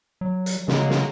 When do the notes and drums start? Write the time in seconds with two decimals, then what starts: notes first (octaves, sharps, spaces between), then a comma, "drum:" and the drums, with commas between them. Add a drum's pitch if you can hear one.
0.21 F#3
0.46 drum: hi-hat
0.68 C#3 F#3 G#3 A#3, drum: snare
0.90 drum: snare